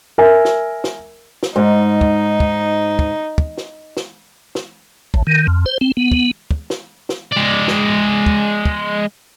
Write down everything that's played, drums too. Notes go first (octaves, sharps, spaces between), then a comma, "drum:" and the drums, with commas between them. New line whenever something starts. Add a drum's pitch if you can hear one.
A#4 E5 G#5
drum: snare
drum: snare
drum: snare
G#2 D#4
drum: kick
drum: kick
drum: kick
drum: kick
drum: snare
drum: snare
drum: snare
A1, drum: kick
D#3
F2
C5
C4
B3
drum: kick
drum: kick
drum: snare
drum: snare
G#3 D5
drum: snare
drum: kick
drum: kick